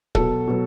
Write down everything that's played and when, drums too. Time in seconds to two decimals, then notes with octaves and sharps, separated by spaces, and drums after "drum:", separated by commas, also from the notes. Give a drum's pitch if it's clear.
0.15 B2 F#3 A4, drum: kick
0.47 B2 F#3